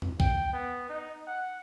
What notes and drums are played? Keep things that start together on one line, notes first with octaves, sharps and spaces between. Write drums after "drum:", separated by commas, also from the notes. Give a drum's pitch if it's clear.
drum: tom E2
G5, drum: kick B1
B3
D#4
F#5